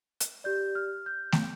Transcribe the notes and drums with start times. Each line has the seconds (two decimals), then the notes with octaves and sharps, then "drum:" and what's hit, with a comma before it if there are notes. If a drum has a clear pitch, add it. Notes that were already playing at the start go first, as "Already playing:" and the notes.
0.20 drum: hi-hat
0.44 G4 D5 G6
0.75 F6
1.06 G6
1.32 drum: snare A3